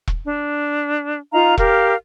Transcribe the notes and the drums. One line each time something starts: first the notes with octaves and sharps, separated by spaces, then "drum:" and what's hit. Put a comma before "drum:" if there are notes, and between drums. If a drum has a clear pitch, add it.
drum: kick E1
D4
D#4 F4 F5 A#5
G4 A#4 F5, drum: kick E1